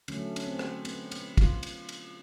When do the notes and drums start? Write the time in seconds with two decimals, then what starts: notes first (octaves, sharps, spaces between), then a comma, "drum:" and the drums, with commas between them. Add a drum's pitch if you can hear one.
0.08 D3 F#3 A3 C#4, drum: cymbal
0.36 C#4, drum: cymbal
0.46 C4
0.59 drum: rim click
0.85 B3, drum: cymbal
1.11 B3, drum: cymbal
1.37 F4, drum: kick, cymbal
1.63 drum: cymbal
1.89 drum: cymbal